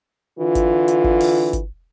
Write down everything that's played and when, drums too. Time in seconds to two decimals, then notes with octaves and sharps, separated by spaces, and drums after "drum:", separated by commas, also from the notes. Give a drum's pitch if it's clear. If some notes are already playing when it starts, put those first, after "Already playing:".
0.39 D3 E3 F4
0.55 drum: kick G1, hi-hat
0.88 drum: hi-hat
1.04 drum: kick G1
1.20 drum: open hi-hat
1.53 drum: kick G1, hi-hat